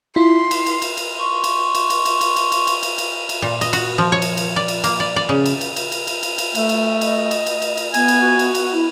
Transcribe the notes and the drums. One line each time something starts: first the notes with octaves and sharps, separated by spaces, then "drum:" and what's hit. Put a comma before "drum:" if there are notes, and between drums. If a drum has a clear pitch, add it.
E4 F4 C6
drum: cymbal
drum: cymbal
drum: cymbal
drum: cymbal
C6 C#6
drum: cymbal
drum: cymbal
drum: cymbal
drum: cymbal
drum: cymbal
drum: cymbal
drum: cymbal
drum: cymbal
drum: cymbal
drum: cymbal
drum: cymbal
A#2
D#5, drum: cymbal
F#4, drum: cymbal
F3
C#5
drum: cymbal
drum: cymbal
D5
drum: cymbal
A#3, drum: cymbal
D5
D5
C#3
drum: cymbal
drum: cymbal
drum: cymbal
drum: cymbal
drum: cymbal
drum: cymbal
drum: cymbal
A3, drum: cymbal
drum: cymbal
D#5, drum: cymbal
drum: cymbal
drum: cymbal
drum: cymbal
drum: cymbal
B3 G#5, drum: cymbal
drum: cymbal
F#4
drum: cymbal
drum: cymbal
E4